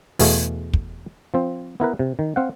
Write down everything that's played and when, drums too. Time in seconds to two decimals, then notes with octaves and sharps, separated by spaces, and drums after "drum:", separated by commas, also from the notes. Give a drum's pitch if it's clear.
0.19 E2 B2 A3 G#4 F5, drum: open hi-hat
0.73 drum: kick
1.34 F3 C4
1.80 B3 E4 A#4 B4
1.99 C3
2.19 D#3
2.36 C4 F5 F#5